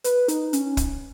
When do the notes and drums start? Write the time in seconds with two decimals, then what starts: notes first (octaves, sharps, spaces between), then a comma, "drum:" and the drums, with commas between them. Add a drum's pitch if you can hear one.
0.04 B4, drum: hi-hat
0.28 D#4, drum: hi-hat
0.53 C#4, drum: hi-hat
0.77 drum: kick, hi-hat